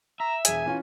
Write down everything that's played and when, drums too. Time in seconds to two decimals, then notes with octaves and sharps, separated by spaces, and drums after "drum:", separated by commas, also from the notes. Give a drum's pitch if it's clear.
0.20 E5 A#5
0.45 E1 G#4 G#5, drum: hi-hat
0.66 E3 C#4 F4